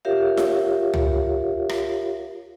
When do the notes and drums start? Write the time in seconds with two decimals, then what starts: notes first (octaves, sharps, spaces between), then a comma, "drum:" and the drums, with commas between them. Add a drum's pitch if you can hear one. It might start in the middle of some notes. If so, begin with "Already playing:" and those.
0.05 F4 G4 A#4 C#5 E5 F5
0.37 drum: snare F4
0.94 drum: tom
1.69 drum: rim click